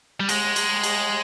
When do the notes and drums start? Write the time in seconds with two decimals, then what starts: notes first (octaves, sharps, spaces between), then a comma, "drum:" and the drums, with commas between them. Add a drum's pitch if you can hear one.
0.20 G3
0.29 G#3, drum: cymbal
0.56 drum: cymbal
0.84 drum: cymbal